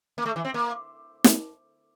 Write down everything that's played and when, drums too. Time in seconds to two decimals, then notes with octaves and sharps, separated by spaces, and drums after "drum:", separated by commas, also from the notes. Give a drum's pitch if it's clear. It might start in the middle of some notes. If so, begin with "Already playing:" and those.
0.18 A#3
0.26 A3
0.36 E3
0.45 C4
0.54 A#3
1.24 drum: snare